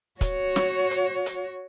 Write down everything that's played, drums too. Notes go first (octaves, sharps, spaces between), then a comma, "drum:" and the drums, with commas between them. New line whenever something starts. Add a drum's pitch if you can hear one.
F#4 C#5, drum: kick, hi-hat
drum: snare
drum: hi-hat
drum: hi-hat